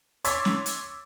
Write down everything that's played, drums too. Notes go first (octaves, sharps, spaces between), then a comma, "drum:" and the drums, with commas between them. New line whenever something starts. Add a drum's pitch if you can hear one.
C#5 C6 D6 E6 A6 B6, drum: hi-hat
drum: snare
drum: hi-hat